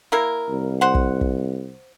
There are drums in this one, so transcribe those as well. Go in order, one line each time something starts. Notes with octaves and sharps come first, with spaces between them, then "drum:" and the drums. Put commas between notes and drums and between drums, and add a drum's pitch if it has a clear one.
A#3 E4 A#4
C2
C5 F#5
drum: kick
drum: kick